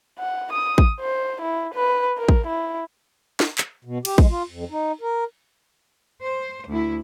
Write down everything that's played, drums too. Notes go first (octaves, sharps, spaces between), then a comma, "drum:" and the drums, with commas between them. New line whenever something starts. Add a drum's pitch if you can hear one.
F#5
D#6
drum: kick
C5
E4
B4
A#4
drum: kick
E4
drum: snare
drum: clap
B2
G4, drum: cymbal
G#3, drum: kick
F4
F2
D#4
A#4
C5
D2 E4